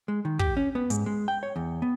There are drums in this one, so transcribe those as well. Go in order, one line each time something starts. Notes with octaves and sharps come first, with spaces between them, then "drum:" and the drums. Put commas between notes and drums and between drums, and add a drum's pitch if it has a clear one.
G#3
D#3
G4, drum: kick
C#4
B3
G#2, drum: hi-hat
G#3
G5
C#5
E2
B3